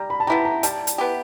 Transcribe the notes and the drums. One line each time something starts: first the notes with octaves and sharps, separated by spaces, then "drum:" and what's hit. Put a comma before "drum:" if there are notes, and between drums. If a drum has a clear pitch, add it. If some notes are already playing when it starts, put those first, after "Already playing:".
Already playing: G3 A#5
B5
A5
B3 E4 G4 A#5
A#5
G3 A5, drum: hi-hat
drum: hi-hat
B3 E4 G4